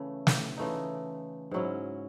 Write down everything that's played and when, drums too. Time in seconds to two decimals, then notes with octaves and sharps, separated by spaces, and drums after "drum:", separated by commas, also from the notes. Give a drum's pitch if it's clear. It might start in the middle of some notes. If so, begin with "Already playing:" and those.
Already playing: C#3 E3 A3
0.27 drum: snare
0.57 C#3 E3 A3 D#4
1.51 G#2 F#3 C#4 E4